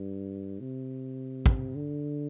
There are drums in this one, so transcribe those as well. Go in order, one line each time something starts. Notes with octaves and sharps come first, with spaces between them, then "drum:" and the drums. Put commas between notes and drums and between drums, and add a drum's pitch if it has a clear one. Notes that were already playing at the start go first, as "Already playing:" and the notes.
Already playing: G2
C3
drum: kick
D3